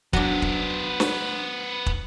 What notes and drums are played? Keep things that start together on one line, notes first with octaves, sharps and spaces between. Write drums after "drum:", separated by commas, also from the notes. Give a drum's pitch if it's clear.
F#3 B3 D4 C5, drum: kick
drum: kick
drum: snare
drum: kick